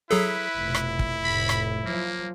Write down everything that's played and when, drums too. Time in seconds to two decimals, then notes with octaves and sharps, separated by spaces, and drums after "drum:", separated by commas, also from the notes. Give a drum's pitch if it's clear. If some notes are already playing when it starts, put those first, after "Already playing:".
0.11 F#3 E4 G#4 A4 B4
0.57 F1 B2
0.74 drum: rim click
0.99 drum: kick
1.24 F1 A2 B5
1.49 drum: rim click
1.86 F3 F#3 A#3